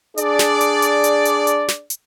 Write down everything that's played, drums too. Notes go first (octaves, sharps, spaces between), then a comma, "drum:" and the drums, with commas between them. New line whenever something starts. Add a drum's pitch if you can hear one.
D4 G#4 D5, drum: hi-hat
drum: snare
drum: hi-hat
drum: hi-hat
drum: hi-hat
drum: hi-hat
drum: hi-hat
drum: snare
drum: hi-hat